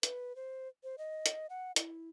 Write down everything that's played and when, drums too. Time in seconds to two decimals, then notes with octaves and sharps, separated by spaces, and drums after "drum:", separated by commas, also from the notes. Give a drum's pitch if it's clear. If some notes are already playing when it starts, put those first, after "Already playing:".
0.03 B4, drum: hi-hat
0.36 C5
0.84 C5
0.98 D#5
1.26 drum: hi-hat
1.50 F#5
1.76 E4, drum: hi-hat